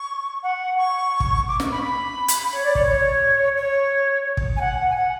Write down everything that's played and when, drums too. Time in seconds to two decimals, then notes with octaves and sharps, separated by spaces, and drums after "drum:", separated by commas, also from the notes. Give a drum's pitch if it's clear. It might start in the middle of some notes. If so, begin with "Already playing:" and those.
Already playing: C#6
0.43 F#5
0.78 C#6
1.20 drum: kick
1.48 D6
1.60 C#6, drum: snare
1.71 B5
1.82 B5
2.28 drum: hi-hat
2.52 C#5
2.63 D5
2.75 C#5, drum: kick
2.86 C#5
3.57 C#5
4.37 drum: kick
4.56 G#5
4.61 F#5
4.90 G#5
4.96 F#5